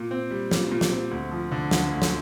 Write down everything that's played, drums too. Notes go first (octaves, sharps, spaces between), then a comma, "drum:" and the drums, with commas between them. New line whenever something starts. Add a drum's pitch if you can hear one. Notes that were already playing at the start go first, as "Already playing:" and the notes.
Already playing: A#2
C4
G3
A#2, drum: snare
A#2
drum: snare
C4
D2
F3
D3
D2, drum: snare
D2
drum: snare